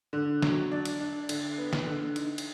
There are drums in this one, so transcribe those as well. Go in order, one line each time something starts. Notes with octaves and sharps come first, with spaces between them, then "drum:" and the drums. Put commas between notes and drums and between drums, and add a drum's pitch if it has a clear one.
D3
F#3, drum: snare
D4
drum: cymbal
D4
D3, drum: cymbal
B3
drum: snare
D3
D#4, drum: cymbal
drum: cymbal